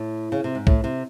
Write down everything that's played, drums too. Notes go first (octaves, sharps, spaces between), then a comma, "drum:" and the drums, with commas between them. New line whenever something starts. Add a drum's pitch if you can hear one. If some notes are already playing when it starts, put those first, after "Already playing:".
Already playing: A2
C#3
C3
G#2
A2, drum: kick
C3